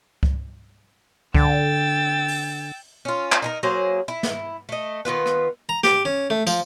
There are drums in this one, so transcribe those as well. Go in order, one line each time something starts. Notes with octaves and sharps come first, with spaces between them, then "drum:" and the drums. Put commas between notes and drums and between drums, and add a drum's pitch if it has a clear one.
drum: kick C#2
D3 G5 E6 A6, drum: kick C#2
drum: open hi-hat
C#4 F4
drum: clap
D#4 E4 A#4
F#3 A#3 G#4 C5
E4
drum: snare
A3 D#5
D#3 B3 F4 B4
drum: rim click
A#5
G4, drum: snare
C#4
A3
F3, drum: tambourine